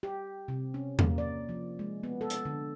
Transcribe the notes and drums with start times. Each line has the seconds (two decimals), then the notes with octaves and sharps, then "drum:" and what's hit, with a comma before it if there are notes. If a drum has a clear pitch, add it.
0.03 G4
0.48 C3
0.74 C#4
0.99 A#3, drum: tom E2
1.18 D5
1.49 F3
1.79 G#3
2.03 B3
2.21 A4
2.30 drum: hi-hat
2.45 D3